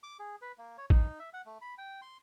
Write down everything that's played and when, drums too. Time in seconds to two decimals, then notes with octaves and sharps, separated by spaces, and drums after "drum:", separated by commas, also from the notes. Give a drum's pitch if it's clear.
0.03 D6
0.19 G#4
0.41 B4
0.58 A#3
0.78 C#5
0.90 D#4, drum: kick
1.19 E5
1.33 F#5
1.46 A3
1.61 B5
1.78 G5
2.02 C6